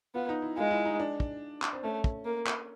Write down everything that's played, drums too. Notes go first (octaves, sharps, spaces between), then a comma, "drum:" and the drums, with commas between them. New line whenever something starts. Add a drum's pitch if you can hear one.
B3 F4
D#4
E4
G#3 F4
E4
D#4
D4
drum: kick
drum: clap
C4
A3 C#4
drum: kick
A#3
drum: clap